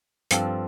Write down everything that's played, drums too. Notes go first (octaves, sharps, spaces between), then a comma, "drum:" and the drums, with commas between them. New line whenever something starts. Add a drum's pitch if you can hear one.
G2 F3 C4 F4 A4, drum: hi-hat